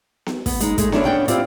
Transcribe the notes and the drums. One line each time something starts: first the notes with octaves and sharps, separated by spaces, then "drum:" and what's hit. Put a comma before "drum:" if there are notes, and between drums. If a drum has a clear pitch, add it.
drum: snare B3
B3, drum: kick, open hi-hat
G#3 D#4, drum: hi-hat
G#3 A3, drum: kick, hi-hat
D3 C#4 D4 E4 C#5, drum: snare B3
B3 C#4 D4 G5
C4 E4 F4 G4 D5, drum: hi-hat